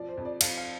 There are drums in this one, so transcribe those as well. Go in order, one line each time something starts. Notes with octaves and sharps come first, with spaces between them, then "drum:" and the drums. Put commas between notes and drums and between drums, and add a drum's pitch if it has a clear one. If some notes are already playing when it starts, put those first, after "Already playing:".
Already playing: F3 D5
C5
F2
D5
F2 F5, drum: cymbal
F5